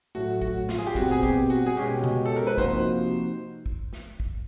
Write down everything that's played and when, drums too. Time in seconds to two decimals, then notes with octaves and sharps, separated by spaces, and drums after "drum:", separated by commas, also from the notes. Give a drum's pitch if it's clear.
0.15 A2 F#3 A3 F#4
0.41 F#4, drum: kick
0.69 F4, drum: snare
0.78 G#4
0.87 G4
0.95 B2 G3 C4 F#4, drum: kick
1.11 G#4
1.23 G4, drum: kick
1.50 F#4
1.66 G#4
1.77 B2 G#3 C#4 F#4 G4
2.04 drum: tom C3
2.26 A4
2.36 A#4
2.47 B4
2.58 C3 F3 A#3 D#4 F#4 C5, drum: kick
3.66 drum: kick
3.93 drum: snare
4.20 drum: kick